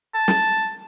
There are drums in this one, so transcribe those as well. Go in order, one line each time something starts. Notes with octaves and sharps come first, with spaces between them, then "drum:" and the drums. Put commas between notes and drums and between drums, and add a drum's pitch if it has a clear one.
A5
drum: snare